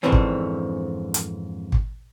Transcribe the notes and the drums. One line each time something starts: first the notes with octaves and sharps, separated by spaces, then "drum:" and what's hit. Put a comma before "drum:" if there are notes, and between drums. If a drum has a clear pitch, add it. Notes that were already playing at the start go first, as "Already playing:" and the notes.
F2 G#2 D3 E3 C4 C#4
drum: kick
drum: hi-hat
drum: kick